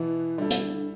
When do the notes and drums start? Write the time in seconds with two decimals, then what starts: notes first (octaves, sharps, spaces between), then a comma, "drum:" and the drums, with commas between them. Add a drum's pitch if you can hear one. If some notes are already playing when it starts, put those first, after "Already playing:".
Already playing: B2 E3 B3
0.38 D3 G3 E4 A4
0.51 B2, drum: hi-hat
0.63 D3
0.74 D3